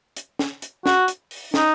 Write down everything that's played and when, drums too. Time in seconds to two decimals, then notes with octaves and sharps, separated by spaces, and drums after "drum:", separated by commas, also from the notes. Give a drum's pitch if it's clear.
0.16 drum: hi-hat
0.39 drum: snare
0.62 drum: hi-hat
0.86 F#4, drum: snare
1.08 drum: hi-hat
1.31 drum: open hi-hat
1.54 D#4, drum: snare